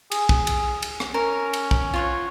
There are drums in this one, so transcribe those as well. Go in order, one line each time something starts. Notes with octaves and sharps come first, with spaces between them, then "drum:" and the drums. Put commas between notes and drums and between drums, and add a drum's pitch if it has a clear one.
G#4, drum: cymbal
drum: kick
drum: cymbal
drum: cymbal
drum: rim click
C#4 A#4
drum: cymbal
drum: kick
F4 C#5 F#5